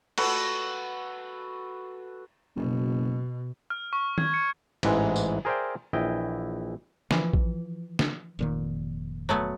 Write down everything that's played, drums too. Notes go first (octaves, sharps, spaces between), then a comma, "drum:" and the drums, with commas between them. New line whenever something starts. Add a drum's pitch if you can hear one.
F#4 A4 B4, drum: cymbal
F#1 B2
F6
C#6
G#6, drum: tom
C#7
A1 G#2 E3 G#3, drum: cymbal
drum: tambourine
G#4 A#4 C5 D5 E5 G5
A#1 E3 E4 D#5 G5
E3 F3, drum: snare
drum: kick A1
drum: snare
F1 A#2 D#3
F#3 A3 B3